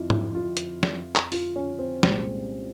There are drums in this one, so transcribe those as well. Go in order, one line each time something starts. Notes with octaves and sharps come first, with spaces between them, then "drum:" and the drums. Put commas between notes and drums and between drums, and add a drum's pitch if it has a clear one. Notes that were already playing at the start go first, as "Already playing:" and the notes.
Already playing: F2 E4 F4
E4, drum: tom G#2
F4
drum: hi-hat
drum: snare
drum: clap
F4, drum: open hi-hat
C#4
C4
C2 A#2 G#3 C4, drum: snare